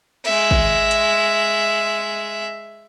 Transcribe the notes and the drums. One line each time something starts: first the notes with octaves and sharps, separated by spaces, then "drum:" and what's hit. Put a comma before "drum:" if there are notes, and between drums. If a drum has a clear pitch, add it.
G#3 E5, drum: cymbal
drum: kick
drum: hi-hat